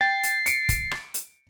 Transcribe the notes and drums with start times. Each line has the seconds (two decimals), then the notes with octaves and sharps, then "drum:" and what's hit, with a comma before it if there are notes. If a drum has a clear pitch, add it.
0.01 G5 A6 C7
0.23 drum: hi-hat
0.46 C#7 D7, drum: hi-hat
0.69 drum: kick, hi-hat
0.91 drum: rim click
1.14 drum: hi-hat